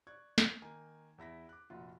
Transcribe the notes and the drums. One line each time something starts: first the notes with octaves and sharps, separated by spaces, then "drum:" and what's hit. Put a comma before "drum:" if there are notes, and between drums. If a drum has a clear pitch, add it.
D5 C#6 F#6 G#6
drum: snare
D#3 A#3 G#5
E2 E4 A#6 B6
D6 F#6
F1 A#2 F4 F#4